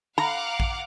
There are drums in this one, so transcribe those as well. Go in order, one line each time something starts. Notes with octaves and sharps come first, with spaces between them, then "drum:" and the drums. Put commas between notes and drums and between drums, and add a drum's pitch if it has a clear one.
F5 F#5 A#5 D6
drum: kick